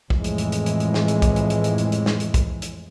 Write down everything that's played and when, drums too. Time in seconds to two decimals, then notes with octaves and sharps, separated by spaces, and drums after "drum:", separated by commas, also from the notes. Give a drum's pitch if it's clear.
0.10 F2 A2 E3 G#3, drum: kick
0.24 drum: hi-hat
0.38 drum: hi-hat
0.52 drum: hi-hat
0.66 drum: hi-hat
0.80 drum: hi-hat
0.94 drum: snare
1.08 drum: hi-hat
1.22 drum: kick, hi-hat
1.36 drum: hi-hat
1.50 drum: hi-hat
1.64 drum: hi-hat
1.78 drum: hi-hat
1.92 drum: hi-hat
2.06 drum: snare
2.20 drum: hi-hat
2.34 drum: kick, hi-hat
2.62 drum: hi-hat